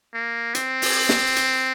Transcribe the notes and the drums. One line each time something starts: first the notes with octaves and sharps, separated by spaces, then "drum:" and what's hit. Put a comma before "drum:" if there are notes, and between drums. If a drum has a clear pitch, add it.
A#3
C4, drum: hi-hat
drum: open hi-hat
drum: snare
drum: hi-hat